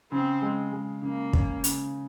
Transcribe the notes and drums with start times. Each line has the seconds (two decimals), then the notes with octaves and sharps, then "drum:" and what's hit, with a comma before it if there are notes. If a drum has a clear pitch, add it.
0.12 C#3 C4
0.42 G#3
0.73 G#3
1.02 C#3 A#3
1.33 C#4, drum: kick
1.64 C#3, drum: hi-hat